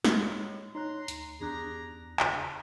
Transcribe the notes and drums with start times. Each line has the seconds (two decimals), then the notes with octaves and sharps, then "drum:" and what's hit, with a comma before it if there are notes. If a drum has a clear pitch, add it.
0.04 A2 G#3, drum: snare
0.75 D#4 C#5 A#5 C6 F#6
1.08 D2, drum: hi-hat
1.41 E2 D4 G4 G#4 A#5 F#6
2.20 C#3, drum: clap